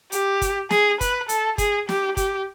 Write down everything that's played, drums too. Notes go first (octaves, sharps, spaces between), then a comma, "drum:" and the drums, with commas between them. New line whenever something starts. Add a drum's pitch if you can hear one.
G4, drum: hi-hat
drum: kick, hi-hat
G#4, drum: snare
B4, drum: kick, hi-hat
A4, drum: hi-hat
G#4, drum: kick, hi-hat
G4, drum: snare
G4, drum: kick, hi-hat